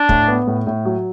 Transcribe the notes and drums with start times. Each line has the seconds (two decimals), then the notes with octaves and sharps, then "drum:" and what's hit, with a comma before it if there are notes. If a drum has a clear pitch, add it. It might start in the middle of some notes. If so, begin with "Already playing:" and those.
Already playing: D4
0.09 A2, drum: kick
0.28 B3
0.47 A2
0.67 A2
0.85 F#3